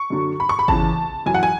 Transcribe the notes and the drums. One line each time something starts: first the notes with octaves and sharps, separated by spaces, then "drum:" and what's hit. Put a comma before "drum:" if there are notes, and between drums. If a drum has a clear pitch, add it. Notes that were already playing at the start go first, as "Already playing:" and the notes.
Already playing: C#6
F#2 D3 F#3
B5
C#6
B5
E2 C#3 E3 A5, drum: kick G1
F#2 E3 G#5
F#5
G#5